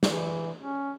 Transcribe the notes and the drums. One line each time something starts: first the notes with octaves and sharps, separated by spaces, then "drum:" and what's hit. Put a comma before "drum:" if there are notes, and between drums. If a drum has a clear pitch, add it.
E3, drum: snare
C#4